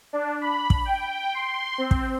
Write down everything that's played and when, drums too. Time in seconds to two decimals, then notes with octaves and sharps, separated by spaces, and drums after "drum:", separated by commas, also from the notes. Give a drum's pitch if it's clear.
0.13 D4
0.41 B5
0.70 drum: kick
0.85 G5
1.34 C6
1.78 C4
1.91 drum: kick